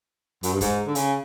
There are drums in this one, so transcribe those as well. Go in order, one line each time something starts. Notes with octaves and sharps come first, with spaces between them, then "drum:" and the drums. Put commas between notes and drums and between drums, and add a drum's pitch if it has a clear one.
F#2, drum: hi-hat
G2
G#2, drum: kick, hi-hat
D3
C#3, drum: hi-hat